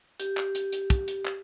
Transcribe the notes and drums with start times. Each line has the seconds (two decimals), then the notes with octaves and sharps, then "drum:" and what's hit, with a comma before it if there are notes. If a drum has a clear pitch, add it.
0.20 G4, drum: hi-hat
0.37 drum: clap
0.55 drum: hi-hat
0.73 drum: hi-hat
0.90 drum: kick, hi-hat
1.08 drum: hi-hat
1.25 drum: clap